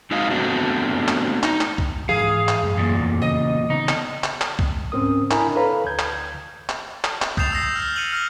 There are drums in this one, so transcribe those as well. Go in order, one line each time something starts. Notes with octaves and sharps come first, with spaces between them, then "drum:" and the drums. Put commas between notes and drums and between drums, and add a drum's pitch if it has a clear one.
G#3 C4 D#4 F#4 D#5 F5
A3 B3 C4 D4 F#4
drum: clap
D#4, drum: clap
drum: clap
drum: kick
G#2 E3 F3 G#4 F5
drum: clap
F#2 A2
E2 A#2
F2 A3
C#3 D#5
C#3 B3 C4 D#4
drum: clap
drum: clap
drum: clap
drum: kick
G#2 C4 C#4 A#4 D#6
D4 E4 A#4 G#5 A#5 B5, drum: clap
A4 B4 C#5 F5 A#5 B5
D2 G6 G#6
drum: clap
drum: clap
drum: clap
drum: clap
D#6 G6 A6 C7 E7 F7, drum: kick
E6 G6 A#6 C7
F6 G6
C#7 D#7 F7 F#7
F6 A#6 F#7